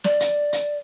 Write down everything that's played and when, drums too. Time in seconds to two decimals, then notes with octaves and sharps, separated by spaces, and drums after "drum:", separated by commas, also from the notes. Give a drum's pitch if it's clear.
0.04 D5, drum: snare
0.20 drum: hi-hat
0.53 drum: hi-hat